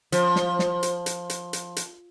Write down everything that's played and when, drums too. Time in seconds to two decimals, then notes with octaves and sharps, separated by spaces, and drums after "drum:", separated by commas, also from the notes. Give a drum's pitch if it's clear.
0.12 F3, drum: hi-hat
0.36 drum: snare
0.59 drum: snare
0.83 drum: hi-hat
1.06 drum: hi-hat
1.30 drum: hi-hat
1.53 drum: hi-hat
1.76 drum: hi-hat